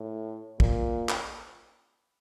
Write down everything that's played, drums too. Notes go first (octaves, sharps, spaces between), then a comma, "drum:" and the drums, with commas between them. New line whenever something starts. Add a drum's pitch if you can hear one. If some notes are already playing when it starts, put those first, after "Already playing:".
Already playing: A2
A#2, drum: kick
drum: clap